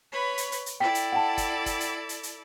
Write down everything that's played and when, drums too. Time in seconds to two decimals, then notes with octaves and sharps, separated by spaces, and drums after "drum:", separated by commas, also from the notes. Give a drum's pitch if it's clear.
0.13 B4 C#5 B5
0.38 drum: hi-hat
0.52 drum: hi-hat
0.66 drum: hi-hat
0.80 E4 A4 D5 G5 B6
0.95 drum: hi-hat
1.12 F#5 G5 A5
1.38 drum: kick, hi-hat
1.66 drum: kick, hi-hat
1.80 drum: hi-hat
2.09 drum: hi-hat
2.23 drum: hi-hat